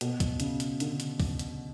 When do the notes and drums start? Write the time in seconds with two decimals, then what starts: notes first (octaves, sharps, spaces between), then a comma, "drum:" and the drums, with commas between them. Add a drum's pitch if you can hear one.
0.01 B2, drum: hi-hat
0.20 drum: kick, hi-hat
0.40 C#3, drum: hi-hat
0.60 drum: hi-hat
0.80 D3, drum: hi-hat
1.00 drum: hi-hat
1.20 drum: kick, open hi-hat
1.39 drum: hi-hat